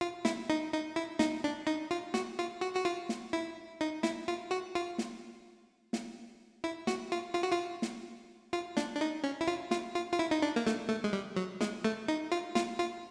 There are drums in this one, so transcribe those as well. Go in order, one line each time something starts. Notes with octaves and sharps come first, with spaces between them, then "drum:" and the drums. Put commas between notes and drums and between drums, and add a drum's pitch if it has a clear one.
F4
E4, drum: snare
D#4
D#4
E4
D#4, drum: snare
D4
D#4
F4
F#4, drum: snare
F4
F#4
F#4
F4
drum: snare
E4
D#4
E4, drum: snare
F4
F#4
F4
drum: snare
drum: snare
E4
F#4, drum: snare
F4
F4
F#4
F4
drum: snare
F4
D4, drum: snare
D4
D#4
C#4
E4
F4
F4, drum: snare
F4
F4
E4
D#4
D4
A#3
A3, drum: snare
A3
G#3
G3
F#3
G#3, drum: snare
A3
D#4
F4
F4, drum: snare
F4